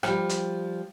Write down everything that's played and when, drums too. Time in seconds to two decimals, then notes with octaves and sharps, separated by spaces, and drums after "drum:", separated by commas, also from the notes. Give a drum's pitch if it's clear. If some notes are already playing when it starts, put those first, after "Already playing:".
0.03 F3 G3, drum: rim click
0.29 drum: hi-hat